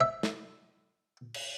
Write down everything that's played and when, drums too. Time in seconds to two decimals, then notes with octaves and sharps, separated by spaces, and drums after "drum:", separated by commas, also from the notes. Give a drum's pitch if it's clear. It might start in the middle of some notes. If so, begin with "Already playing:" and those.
0.01 E5
0.23 drum: snare
1.34 drum: cymbal